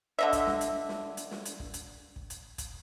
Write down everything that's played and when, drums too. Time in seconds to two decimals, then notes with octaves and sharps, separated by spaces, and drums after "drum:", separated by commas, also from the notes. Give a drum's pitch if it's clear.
0.19 D3 D#5 E5
0.33 drum: kick, hi-hat
0.47 drum: snare
0.61 drum: hi-hat
0.89 drum: snare
1.17 drum: hi-hat
1.31 drum: snare
1.46 drum: hi-hat
1.60 drum: kick
1.74 drum: hi-hat
2.16 drum: kick
2.30 drum: hi-hat
2.58 drum: kick, hi-hat